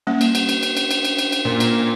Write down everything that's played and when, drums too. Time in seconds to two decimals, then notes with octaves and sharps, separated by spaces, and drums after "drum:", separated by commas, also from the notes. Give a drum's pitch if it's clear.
0.07 G3 A#3 C#4
0.21 drum: cymbal
0.35 drum: cymbal
0.49 drum: cymbal
0.63 drum: cymbal
0.77 drum: cymbal
0.91 drum: cymbal
1.05 drum: cymbal
1.18 drum: cymbal
1.32 drum: cymbal
1.45 A#2
1.60 drum: cymbal